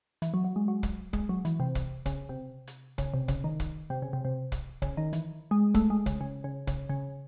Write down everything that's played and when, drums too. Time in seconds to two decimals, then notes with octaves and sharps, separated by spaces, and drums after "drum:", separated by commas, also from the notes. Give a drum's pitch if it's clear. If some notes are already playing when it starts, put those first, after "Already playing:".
0.22 E3, drum: hi-hat
0.34 F#3
0.44 F#3
0.56 G#3
0.68 F#3
0.83 drum: kick, hi-hat
1.13 G#3, drum: kick
1.29 F#3
1.45 E3, drum: hi-hat
1.60 C3
1.75 drum: kick, hi-hat
2.06 C#3, drum: kick, hi-hat
2.29 C3
2.67 drum: hi-hat
2.98 C#3, drum: kick, hi-hat
3.14 C3
3.28 C#3, drum: kick, hi-hat
3.44 D#3
3.60 drum: kick, hi-hat
3.90 C3
4.02 C#3
4.13 C3
4.25 C3
4.52 drum: kick, hi-hat
4.82 C#3, drum: kick
4.97 D#3
5.13 E3, drum: hi-hat
5.51 G#3
5.75 A3, drum: kick, hi-hat
5.90 G#3
6.06 C#3, drum: kick, hi-hat
6.21 C#3
6.44 C#3
6.67 C#3, drum: kick, hi-hat
6.89 C#3